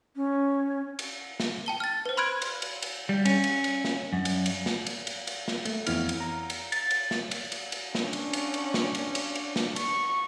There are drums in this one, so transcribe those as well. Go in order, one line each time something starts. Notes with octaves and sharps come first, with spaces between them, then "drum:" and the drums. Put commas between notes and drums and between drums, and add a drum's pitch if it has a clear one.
C#4
drum: cymbal
drum: snare
G5 A5 G7
F6 A6
B4 C5
B5 C6 F6 F#6 G#6 D7
drum: cymbal
drum: cymbal
drum: cymbal
G3
C#4, drum: cymbal
drum: cymbal
drum: cymbal
drum: snare
F#2
drum: cymbal
drum: cymbal
drum: snare
drum: cymbal
drum: cymbal
drum: cymbal
drum: snare
A3, drum: cymbal
F2 E3 B3 E4 F6, drum: cymbal
drum: cymbal
A#5
drum: cymbal
A6, drum: cymbal
drum: cymbal
drum: snare
drum: cymbal
drum: cymbal
drum: cymbal
C#4 D4, drum: snare
drum: cymbal
drum: cymbal
drum: cymbal
drum: snare
drum: cymbal
drum: cymbal
drum: cymbal
drum: snare
C#6, drum: cymbal